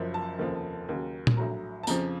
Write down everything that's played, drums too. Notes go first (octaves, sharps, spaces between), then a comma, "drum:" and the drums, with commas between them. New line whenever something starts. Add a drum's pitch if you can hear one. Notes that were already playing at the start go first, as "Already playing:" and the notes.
Already playing: F#1 F#2 F3
A5
F1 D#2 C#3 F3
D#2 C#3 F#3
drum: tom A#2
A#1 A2 F#3 A#5
A5
F2 C#3 F3 A#5, drum: tambourine